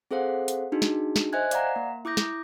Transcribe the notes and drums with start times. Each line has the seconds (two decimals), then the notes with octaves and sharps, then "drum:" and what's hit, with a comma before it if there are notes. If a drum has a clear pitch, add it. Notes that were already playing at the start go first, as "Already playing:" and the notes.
0.11 C4 G#4 A4 C5 F5 F#5
0.48 drum: hi-hat
0.72 D4 D#4 F#4 G#4
0.82 drum: snare
1.16 drum: snare
1.33 C5 D#5 E5 G#5 F#6 G#6
1.51 D5 F5 F#5 A#5, drum: hi-hat
1.76 A#3
2.05 E4 D6 D#6 G6 A#6
2.17 drum: snare